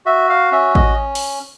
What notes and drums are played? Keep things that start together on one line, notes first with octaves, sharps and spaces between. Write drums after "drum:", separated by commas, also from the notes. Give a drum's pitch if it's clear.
F#4 E5
F5
C#4 E5
D#5, drum: kick A1
drum: open hi-hat